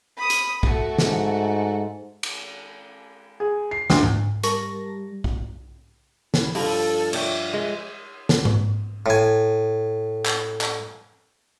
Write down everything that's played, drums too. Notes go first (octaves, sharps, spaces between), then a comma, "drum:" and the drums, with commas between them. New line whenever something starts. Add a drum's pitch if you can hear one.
B5 D#6
drum: hi-hat
A3 F#4, drum: kick
G#2, drum: snare
drum: cymbal
G#4
C7
D2, drum: snare
drum: tom G#2
G3 A#4 A5 C#6 A#6, drum: hi-hat
drum: kick
E4, drum: snare
G2 F3 A4, drum: open hi-hat
C#5 D5 E5 G5, drum: cymbal
G#3
drum: snare
drum: tom G#2
A2 G#5
drum: clap
drum: clap